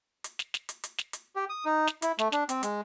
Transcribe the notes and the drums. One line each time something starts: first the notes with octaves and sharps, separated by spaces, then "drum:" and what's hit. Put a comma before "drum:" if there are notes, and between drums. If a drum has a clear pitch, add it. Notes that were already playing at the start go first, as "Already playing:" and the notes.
drum: hi-hat
drum: snare
drum: snare
drum: hi-hat
drum: hi-hat
drum: snare
drum: hi-hat
G4
D#6
D#4
drum: snare
E4, drum: hi-hat
A3, drum: snare
D4, drum: snare
C4, drum: hi-hat
G#3, drum: hi-hat